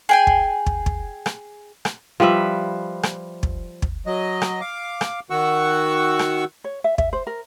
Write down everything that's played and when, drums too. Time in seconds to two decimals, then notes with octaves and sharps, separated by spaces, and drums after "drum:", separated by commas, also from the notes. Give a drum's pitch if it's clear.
0.09 G#4 G5 G#5
0.27 drum: kick
0.66 drum: kick
0.86 drum: kick
1.26 drum: rim click
1.85 drum: rim click
2.20 F3 G3 B4 E5
3.03 drum: rim click
3.43 drum: kick
3.82 drum: kick
4.06 F#3 D#5
4.42 drum: rim click
4.61 F5 D6
5.01 drum: rim click
5.30 D#3 F#4 F#5 C#6 E6
6.19 drum: rim click
6.64 C#5
6.84 E5
6.98 E5, drum: kick
7.13 C5
7.27 A#4